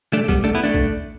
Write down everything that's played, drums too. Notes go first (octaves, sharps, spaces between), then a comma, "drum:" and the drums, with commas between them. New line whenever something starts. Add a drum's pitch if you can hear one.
A3 D4
G3 B3, drum: kick A#1
A3 D4
B3 E4
A3 D4
drum: kick A#1